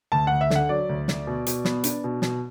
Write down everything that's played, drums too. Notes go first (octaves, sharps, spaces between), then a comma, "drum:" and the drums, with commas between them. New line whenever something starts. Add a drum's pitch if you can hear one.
D2 A5
D2 F#5
E5
D3, drum: snare
F#5
F#3 D5
D2
D2, drum: snare
B2
B2, drum: hi-hat
B3, drum: snare
D4, drum: hi-hat
B2
B2, drum: snare